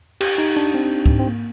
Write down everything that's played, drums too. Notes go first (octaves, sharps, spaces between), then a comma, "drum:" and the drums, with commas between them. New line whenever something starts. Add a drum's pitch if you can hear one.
G4, drum: cymbal
D#4
D4
C4
drum: kick
C4
A#3